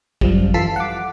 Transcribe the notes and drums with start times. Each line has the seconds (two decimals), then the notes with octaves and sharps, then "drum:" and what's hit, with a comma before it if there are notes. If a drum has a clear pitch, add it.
0.21 F#2 F3 G3, drum: kick
0.54 E3 F4 A4 A5 B6 C7
0.76 F#5 D6